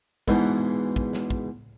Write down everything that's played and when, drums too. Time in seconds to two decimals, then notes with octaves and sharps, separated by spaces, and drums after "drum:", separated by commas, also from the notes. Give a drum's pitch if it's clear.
0.28 E2 G#2 B2 E3, drum: kick
0.96 drum: kick
1.13 drum: snare
1.30 drum: kick